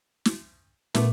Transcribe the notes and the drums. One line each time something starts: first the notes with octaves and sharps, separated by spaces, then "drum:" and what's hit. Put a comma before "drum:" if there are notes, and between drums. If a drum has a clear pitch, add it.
drum: snare
A#2 A3 B3, drum: snare